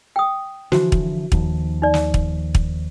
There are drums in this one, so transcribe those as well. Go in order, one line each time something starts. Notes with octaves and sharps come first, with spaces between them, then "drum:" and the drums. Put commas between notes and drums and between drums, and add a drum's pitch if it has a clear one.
G5 D#6
D3 E3 F3 F#4 C5, drum: snare
drum: kick
D#2 D#3 F3, drum: kick
D#4 D5
drum: snare
drum: kick
drum: kick